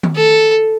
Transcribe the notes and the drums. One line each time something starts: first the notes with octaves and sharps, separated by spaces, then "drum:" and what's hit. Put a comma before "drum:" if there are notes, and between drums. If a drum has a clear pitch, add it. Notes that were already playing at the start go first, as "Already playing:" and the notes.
drum: tom D#3
A4